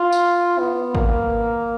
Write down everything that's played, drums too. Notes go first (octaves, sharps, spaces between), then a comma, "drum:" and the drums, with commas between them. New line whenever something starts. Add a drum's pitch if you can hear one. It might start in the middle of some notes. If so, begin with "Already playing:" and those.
Already playing: F4
drum: tambourine
B3
A#3, drum: kick